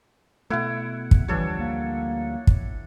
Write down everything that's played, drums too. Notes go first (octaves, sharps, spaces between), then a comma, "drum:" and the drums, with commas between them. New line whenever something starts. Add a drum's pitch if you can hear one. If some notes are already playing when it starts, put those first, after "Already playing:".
B2 A3 E4 F#5
drum: kick
D2 E3 F3 G3 D4 A4 C#5
A#3
drum: kick